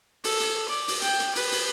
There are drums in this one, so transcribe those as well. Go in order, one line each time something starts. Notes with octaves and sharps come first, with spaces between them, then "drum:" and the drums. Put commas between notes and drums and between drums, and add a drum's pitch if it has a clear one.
A4, drum: open hi-hat
drum: hi-hat
D5
drum: open hi-hat
G5, drum: hi-hat
drum: hi-hat
B4, drum: open hi-hat
drum: open hi-hat